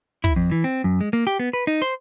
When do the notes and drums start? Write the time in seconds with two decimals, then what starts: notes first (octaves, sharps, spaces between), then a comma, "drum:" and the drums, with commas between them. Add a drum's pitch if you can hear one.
0.24 E4, drum: kick
0.36 F2
0.51 E3
0.64 C4
0.84 F#2
1.01 G#3
1.13 A#3
1.27 G4
1.39 B3
1.53 B4
1.67 D#4
1.82 C5